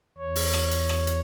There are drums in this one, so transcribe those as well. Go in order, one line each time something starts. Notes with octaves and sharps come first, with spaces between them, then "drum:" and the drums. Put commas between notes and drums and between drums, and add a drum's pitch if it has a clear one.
E2 C#5
drum: open hi-hat
drum: rim click
drum: hi-hat
drum: rim click
drum: hi-hat